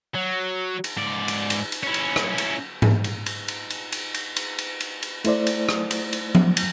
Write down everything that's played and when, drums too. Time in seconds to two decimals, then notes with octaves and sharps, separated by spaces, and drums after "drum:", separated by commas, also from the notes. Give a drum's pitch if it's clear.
0.15 F#3
0.84 drum: cymbal
0.97 G#2 D5
1.28 drum: cymbal
1.50 drum: cymbal
1.72 drum: cymbal
1.83 C#4 E4
1.94 drum: cymbal
2.16 drum: rim click
2.38 drum: cymbal
2.82 drum: tom G#2
3.04 drum: cymbal
3.26 drum: cymbal
3.48 drum: cymbal
3.70 drum: cymbal
3.92 drum: cymbal
4.14 drum: cymbal
4.36 drum: cymbal
4.58 drum: cymbal
4.80 drum: cymbal
5.02 drum: cymbal
5.24 A3 E4 C5 D5, drum: cymbal
5.47 drum: cymbal
5.69 drum: rim click
5.91 drum: cymbal
6.13 drum: cymbal
6.35 drum: tom F3
6.57 drum: cymbal